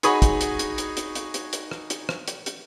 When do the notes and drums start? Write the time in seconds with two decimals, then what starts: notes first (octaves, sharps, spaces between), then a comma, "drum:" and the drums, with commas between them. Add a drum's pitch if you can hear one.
0.03 D#4 F#4 G#4 C#5 B5 D#6, drum: hi-hat
0.22 drum: kick, hi-hat
0.41 drum: hi-hat
0.59 drum: hi-hat
0.78 drum: hi-hat
0.97 drum: hi-hat
1.15 drum: hi-hat
1.34 drum: hi-hat
1.53 drum: hi-hat
1.71 drum: rim click
1.90 drum: hi-hat
2.09 drum: rim click
2.28 drum: hi-hat
2.46 drum: hi-hat